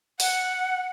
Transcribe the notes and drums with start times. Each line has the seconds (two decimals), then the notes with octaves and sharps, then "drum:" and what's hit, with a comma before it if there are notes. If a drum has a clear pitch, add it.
0.20 F#5, drum: open hi-hat